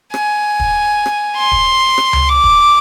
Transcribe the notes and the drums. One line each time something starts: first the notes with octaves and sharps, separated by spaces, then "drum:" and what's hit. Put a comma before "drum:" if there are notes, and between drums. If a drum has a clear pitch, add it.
G#5, drum: rim click
drum: kick
drum: rim click
C6
drum: kick
drum: rim click
drum: tom C#2
D6
drum: kick